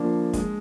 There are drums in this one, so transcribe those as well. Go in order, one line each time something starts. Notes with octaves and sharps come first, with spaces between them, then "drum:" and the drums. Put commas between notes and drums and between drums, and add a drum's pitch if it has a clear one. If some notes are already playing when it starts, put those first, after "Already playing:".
Already playing: D3 F3 A#3 D4
G#3, drum: kick, hi-hat